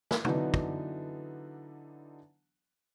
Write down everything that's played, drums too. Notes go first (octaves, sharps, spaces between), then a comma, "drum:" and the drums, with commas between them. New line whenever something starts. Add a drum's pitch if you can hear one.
drum: snare
D3 E3 F#3 B3 D4 D#4, drum: tom
drum: kick